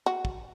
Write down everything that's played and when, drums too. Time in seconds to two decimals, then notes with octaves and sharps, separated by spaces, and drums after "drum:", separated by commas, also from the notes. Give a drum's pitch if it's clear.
0.06 F#4
0.25 drum: kick